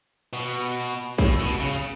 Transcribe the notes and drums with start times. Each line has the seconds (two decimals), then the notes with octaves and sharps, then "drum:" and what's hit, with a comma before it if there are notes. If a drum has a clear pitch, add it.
0.33 B2, drum: cymbal
0.61 drum: cymbal
0.90 drum: cymbal
1.18 A2, drum: kick, cymbal
1.39 B2
1.60 C#3
1.75 drum: cymbal